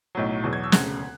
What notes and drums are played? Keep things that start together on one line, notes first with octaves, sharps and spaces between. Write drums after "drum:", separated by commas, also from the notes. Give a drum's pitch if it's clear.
B1 A2 F#3
E2 B2 F#3
G#6
E6
E1 D2 C#3 F#6, drum: snare